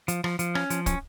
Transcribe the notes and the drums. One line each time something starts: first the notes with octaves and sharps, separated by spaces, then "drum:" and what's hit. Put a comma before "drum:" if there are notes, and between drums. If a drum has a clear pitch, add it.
F3, drum: hi-hat
F3, drum: rim click
F3, drum: hi-hat
C#4, drum: rim click
F3, drum: hi-hat
C#4, drum: kick, hi-hat